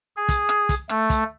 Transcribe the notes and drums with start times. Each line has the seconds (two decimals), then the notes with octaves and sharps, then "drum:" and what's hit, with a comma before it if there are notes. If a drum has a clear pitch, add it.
0.16 G#4
0.29 drum: kick, hi-hat
0.49 drum: rim click
0.69 drum: kick, hi-hat
0.89 A3, drum: rim click
1.10 drum: kick, hi-hat